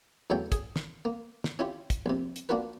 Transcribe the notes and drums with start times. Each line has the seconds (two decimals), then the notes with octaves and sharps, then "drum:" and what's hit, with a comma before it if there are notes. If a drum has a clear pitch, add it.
0.30 E2 C#3 F#3 A3 A4 G5
0.52 G#4, drum: kick, hi-hat
0.76 drum: snare
1.05 A#3
1.44 drum: snare
1.59 C#4 E4 F4 G4
1.90 drum: kick, hi-hat
2.06 A#1 C3
2.36 drum: hi-hat
2.49 A#3 D4 F4 F#4 A#4 B4